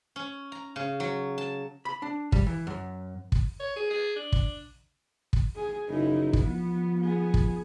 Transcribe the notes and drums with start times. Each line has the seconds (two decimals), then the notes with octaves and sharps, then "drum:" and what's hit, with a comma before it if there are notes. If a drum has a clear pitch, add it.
0.16 C#4
0.52 A#5
0.76 C#3
1.00 F#3
1.38 A5
1.85 B5
2.02 D4
2.32 G3, drum: kick
2.47 E3
2.67 F#2
3.32 drum: kick
3.60 C#5
3.76 G#4
3.90 G#4
4.16 D4
4.32 drum: kick
5.33 drum: kick
5.56 G#4
5.89 F#1 D#4 E4
6.33 drum: kick
6.43 F3 B3
7.00 B3 G#4
7.34 drum: kick